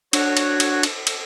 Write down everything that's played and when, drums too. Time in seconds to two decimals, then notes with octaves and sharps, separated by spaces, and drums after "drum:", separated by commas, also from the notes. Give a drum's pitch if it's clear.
0.13 D4 F#4 C#5, drum: cymbal
0.37 drum: cymbal
0.60 drum: cymbal
0.83 drum: cymbal
1.07 drum: cymbal